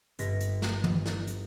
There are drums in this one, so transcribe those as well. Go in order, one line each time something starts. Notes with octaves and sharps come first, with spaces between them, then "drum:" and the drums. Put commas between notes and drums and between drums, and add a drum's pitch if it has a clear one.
G1 A#6 B6, drum: hi-hat
drum: hi-hat
drum: snare
drum: tom
drum: snare
drum: hi-hat